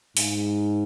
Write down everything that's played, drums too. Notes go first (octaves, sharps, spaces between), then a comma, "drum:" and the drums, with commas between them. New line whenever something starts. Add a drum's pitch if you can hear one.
G#2, drum: open hi-hat